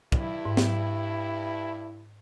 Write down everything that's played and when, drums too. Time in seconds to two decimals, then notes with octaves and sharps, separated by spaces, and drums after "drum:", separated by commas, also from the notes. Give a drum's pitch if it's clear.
0.12 G2 E4, drum: kick
0.45 G#2
0.57 drum: snare